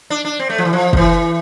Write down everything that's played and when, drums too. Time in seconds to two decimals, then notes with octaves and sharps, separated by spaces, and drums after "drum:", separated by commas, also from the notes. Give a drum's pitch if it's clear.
0.10 D4
0.25 D4
0.39 C4
0.50 A3
0.58 F3
0.65 E3
0.73 F3
0.93 D3, drum: kick
0.97 E3